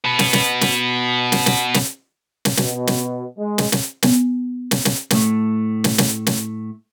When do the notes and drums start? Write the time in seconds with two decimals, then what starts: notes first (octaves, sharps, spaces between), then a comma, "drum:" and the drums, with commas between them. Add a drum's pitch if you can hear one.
0.05 B2 B3
0.19 drum: snare
0.33 drum: snare
0.61 drum: snare
1.32 drum: snare
1.46 drum: snare
1.75 drum: snare
2.45 drum: snare
2.57 B2, drum: snare
2.88 drum: snare
3.38 G#3
3.58 drum: snare
3.72 drum: snare
4.03 B3, drum: snare
4.71 drum: snare
4.85 drum: snare
5.11 A2 A3, drum: snare
5.84 drum: snare
5.98 drum: snare
6.27 drum: snare